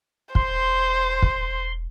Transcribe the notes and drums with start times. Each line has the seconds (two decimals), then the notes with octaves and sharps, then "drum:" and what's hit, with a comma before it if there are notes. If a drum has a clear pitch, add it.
0.35 E1 C5 C6, drum: kick
1.22 drum: kick